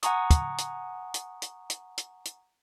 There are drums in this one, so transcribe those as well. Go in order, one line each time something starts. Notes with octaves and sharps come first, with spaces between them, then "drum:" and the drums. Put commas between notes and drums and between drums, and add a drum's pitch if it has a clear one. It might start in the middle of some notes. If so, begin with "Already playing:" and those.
F#5 G#5 A#5 C#6 D#6, drum: hi-hat
drum: kick, hi-hat
drum: hi-hat
drum: hi-hat
drum: hi-hat
drum: hi-hat
drum: hi-hat
drum: hi-hat